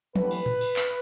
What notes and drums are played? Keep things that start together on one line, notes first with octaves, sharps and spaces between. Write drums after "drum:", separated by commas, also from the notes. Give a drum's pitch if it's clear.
A2 E3 G3 B3 D4 B4, drum: tom
drum: cymbal
drum: tom A2
drum: cymbal
drum: clap